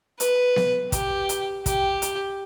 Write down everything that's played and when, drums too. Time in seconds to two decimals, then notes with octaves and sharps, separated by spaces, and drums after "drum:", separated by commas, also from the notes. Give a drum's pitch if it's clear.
0.20 B4, drum: hi-hat
0.56 drum: snare B3
0.92 G4, drum: kick, hi-hat
1.29 drum: hi-hat
1.66 G4, drum: kick, hi-hat
2.02 drum: hi-hat